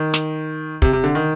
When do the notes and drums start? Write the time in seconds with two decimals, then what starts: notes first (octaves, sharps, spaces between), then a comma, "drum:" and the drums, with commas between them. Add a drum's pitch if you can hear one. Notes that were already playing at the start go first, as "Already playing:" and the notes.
Already playing: D#3
0.14 drum: snare
0.82 C3, drum: kick
0.93 C3
1.04 D3
1.15 D#3